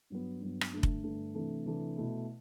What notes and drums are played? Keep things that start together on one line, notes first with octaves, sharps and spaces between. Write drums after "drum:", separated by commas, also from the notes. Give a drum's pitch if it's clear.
G2 F#3 B3
G2 F#3 B3
drum: rim click
G2 D3 A3
drum: kick F1
G2 D3 A3
C3 E3 A3 D4 A4
C3 E3 A3 D4 A4
B2 A3 E4